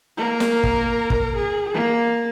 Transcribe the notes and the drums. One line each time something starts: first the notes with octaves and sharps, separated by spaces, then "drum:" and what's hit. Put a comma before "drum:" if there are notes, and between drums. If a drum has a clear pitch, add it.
A#3 A#4
drum: snare
drum: kick
drum: kick
G#4
A#3